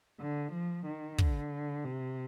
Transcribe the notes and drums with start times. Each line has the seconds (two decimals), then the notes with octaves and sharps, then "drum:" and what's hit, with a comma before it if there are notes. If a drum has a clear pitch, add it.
0.20 D3
0.52 F3
0.86 D#3
1.19 D3, drum: kick
1.85 C3